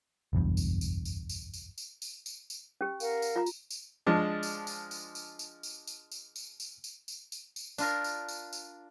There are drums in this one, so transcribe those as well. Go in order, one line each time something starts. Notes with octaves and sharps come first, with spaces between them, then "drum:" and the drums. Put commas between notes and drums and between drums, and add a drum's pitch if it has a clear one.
F#1 B1 E2 G2
drum: tambourine
drum: tambourine
drum: tambourine
drum: tambourine
drum: tambourine
drum: tambourine
drum: tambourine
drum: tambourine
drum: tambourine
C#4 G4
A#4 F5 F#5, drum: tambourine
drum: tambourine
F4 A#5
drum: tambourine
drum: tambourine
F3 G#3 D4
drum: tambourine
drum: tambourine
drum: tambourine
drum: tambourine
drum: tambourine
drum: tambourine
drum: tambourine
drum: tambourine
drum: tambourine
drum: tambourine
drum: tambourine
drum: tambourine
drum: tambourine
drum: tambourine
D4 F4 A#4, drum: tambourine
drum: tambourine
drum: tambourine
drum: tambourine